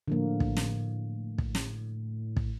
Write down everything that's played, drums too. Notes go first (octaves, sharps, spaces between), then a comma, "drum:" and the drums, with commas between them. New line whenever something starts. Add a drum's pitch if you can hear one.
A2 D3 F3 A#3
drum: kick
drum: snare
drum: kick
drum: snare
drum: kick